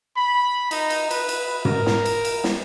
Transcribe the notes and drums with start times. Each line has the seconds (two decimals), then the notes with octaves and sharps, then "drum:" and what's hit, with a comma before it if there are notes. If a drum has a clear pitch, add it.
0.17 B5
0.71 D#4, drum: cymbal
0.90 drum: cymbal
1.11 B4, drum: cymbal
1.29 drum: cymbal
1.65 A#4, drum: tom
1.86 drum: snare
2.05 drum: cymbal
2.25 drum: cymbal
2.44 drum: snare